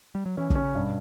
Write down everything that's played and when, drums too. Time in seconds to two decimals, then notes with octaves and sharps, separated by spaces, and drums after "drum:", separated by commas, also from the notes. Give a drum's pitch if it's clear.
0.15 G3
0.26 F#3
0.37 E3 C#4
0.50 D3, drum: kick
0.55 C#4
0.63 C#3
0.74 G2 B2